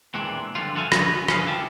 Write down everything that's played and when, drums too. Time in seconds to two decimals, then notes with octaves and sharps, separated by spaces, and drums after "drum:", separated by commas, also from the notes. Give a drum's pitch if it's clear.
0.14 E2 A#2 E3 G#3 C4 D4
0.55 G2 D3 E3 F3 G3 F4
0.75 G2 F#4 A4 E5 F5 G#5
0.92 B3 C#4, drum: rim click
1.28 B3 G#4 F5, drum: rim click
1.47 E4 G4 A5